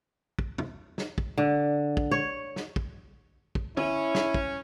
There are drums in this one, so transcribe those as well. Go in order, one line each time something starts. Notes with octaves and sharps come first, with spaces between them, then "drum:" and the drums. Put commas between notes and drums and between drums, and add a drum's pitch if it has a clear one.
drum: kick
drum: tom
drum: snare
drum: kick
D3
drum: kick
C#5
drum: snare
drum: kick
drum: kick
C#4 E4, drum: tom
drum: snare
drum: kick